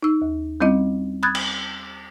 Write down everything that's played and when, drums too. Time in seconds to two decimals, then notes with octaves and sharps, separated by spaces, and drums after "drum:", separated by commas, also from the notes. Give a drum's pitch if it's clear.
0.03 D#4 E6
0.21 D#2
0.61 G3 C4 C#4 E4 D#5
1.23 B5 D#6 F#6 G#6 A6
1.35 drum: cymbal